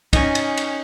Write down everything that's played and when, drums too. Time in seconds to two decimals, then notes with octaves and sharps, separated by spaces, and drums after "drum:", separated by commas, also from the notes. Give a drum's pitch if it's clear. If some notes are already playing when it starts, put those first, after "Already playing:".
0.13 C#4 D#4 G#5, drum: kick, cymbal
0.35 drum: cymbal
0.57 drum: cymbal